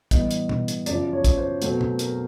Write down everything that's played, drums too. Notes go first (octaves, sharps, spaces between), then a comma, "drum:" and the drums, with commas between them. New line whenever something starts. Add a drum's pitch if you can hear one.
A2 E3 G3 B3 D#5, drum: kick, hi-hat
drum: hi-hat
drum: tom B2
drum: hi-hat
F#2 C#3 F3 D5, drum: hi-hat
C#5
drum: kick, hi-hat
C5
B2 F#3 A3 C4 C5, drum: hi-hat
drum: tom B2
A#4, drum: hi-hat